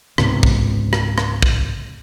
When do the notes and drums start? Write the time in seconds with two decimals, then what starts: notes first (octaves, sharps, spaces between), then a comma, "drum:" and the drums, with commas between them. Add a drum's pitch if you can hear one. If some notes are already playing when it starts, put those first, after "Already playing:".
0.18 C#2 G#2 C3 B3, drum: rim click
0.43 drum: kick
0.93 drum: rim click
1.18 drum: rim click
1.42 drum: kick